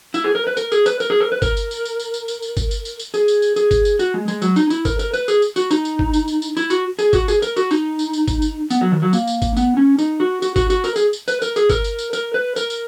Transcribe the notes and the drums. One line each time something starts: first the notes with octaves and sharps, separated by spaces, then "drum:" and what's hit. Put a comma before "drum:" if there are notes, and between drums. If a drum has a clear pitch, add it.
E4, drum: tambourine
G#4
A#4
B4
A#4, drum: tambourine
G#4, drum: tambourine
B4, drum: tambourine
A#4, drum: tambourine
G#4
A#4
B4
A#4, drum: kick, tambourine
drum: tambourine
drum: tambourine
drum: tambourine
drum: tambourine
drum: tambourine
drum: tambourine
drum: tambourine
drum: kick, tambourine
drum: tambourine
drum: tambourine
drum: tambourine
G#4, drum: tambourine
drum: tambourine
drum: tambourine
G#4, drum: tambourine
drum: kick, tambourine
drum: tambourine
F#4, drum: tambourine
G#3
G#3, drum: tambourine
F#3, drum: tambourine
D#4, drum: tambourine
E4, drum: tambourine
A#4, drum: kick, tambourine
A#4, drum: tambourine
B4, drum: tambourine
G#4, drum: tambourine
drum: tambourine
F#4, drum: tambourine
D#4, drum: tambourine
drum: tambourine
drum: kick
drum: tambourine
drum: tambourine
drum: tambourine
E4, drum: tambourine
F#4, drum: tambourine
G#4, drum: tambourine
F#4, drum: kick, tambourine
G#4, drum: tambourine
A#4, drum: tambourine
F#4, drum: tambourine
D#4, drum: tambourine
drum: tambourine
drum: tambourine
drum: kick, tambourine
drum: tambourine
B3, drum: tambourine
F#3
D#3
F#3
A#3, drum: tambourine
drum: tambourine
drum: kick, tambourine
B3, drum: tambourine
C#4
D#4, drum: tambourine
F#4
F#4, drum: tambourine
F#4, drum: kick, tambourine
F#4, drum: tambourine
A#4, drum: tambourine
G#4, drum: tambourine
drum: tambourine
B4, drum: tambourine
A#4, drum: tambourine
G#4, drum: tambourine
A#4, drum: kick, tambourine
drum: tambourine
drum: tambourine
A#4, drum: tambourine
B4
A#4, drum: tambourine
drum: tambourine